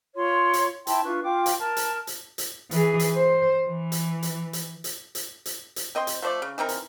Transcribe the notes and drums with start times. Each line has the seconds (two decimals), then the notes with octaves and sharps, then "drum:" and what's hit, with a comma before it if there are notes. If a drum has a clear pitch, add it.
0.15 F4 C#5 C6
0.53 drum: hi-hat
0.87 E4 G5 A5 C6, drum: hi-hat
1.04 D4 F4 B4 C#6
1.23 F4 F5 G5 D6
1.46 drum: hi-hat
1.58 A#4 A5
1.76 drum: hi-hat
2.07 drum: hi-hat
2.38 drum: hi-hat
2.71 E3 G#4, drum: hi-hat
2.99 drum: hi-hat
3.16 C5
3.67 E3
3.92 drum: hi-hat
4.22 drum: hi-hat
4.53 drum: hi-hat
4.84 drum: hi-hat
5.15 drum: hi-hat
5.46 drum: hi-hat
5.76 drum: hi-hat
5.95 C4 D#5 G5 C6
6.07 drum: hi-hat
6.22 F3 A3 C5 D5
6.42 C#3
6.58 E3 C4 D#4 A#4
6.69 drum: hi-hat